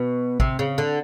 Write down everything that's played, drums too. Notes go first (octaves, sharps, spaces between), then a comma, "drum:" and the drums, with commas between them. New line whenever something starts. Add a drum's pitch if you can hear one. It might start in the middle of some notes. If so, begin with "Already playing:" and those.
Already playing: B2
C3, drum: kick
C#3
D3